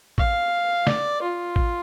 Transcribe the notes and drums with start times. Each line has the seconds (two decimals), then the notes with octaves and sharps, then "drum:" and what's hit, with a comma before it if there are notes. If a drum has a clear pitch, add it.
0.18 F5, drum: kick
0.87 D5, drum: snare
1.22 F4
1.56 drum: kick